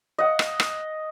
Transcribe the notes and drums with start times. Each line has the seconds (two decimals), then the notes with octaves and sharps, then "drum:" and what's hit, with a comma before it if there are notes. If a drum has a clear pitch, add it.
0.18 D#5 F#5
0.39 drum: rim click
0.60 drum: rim click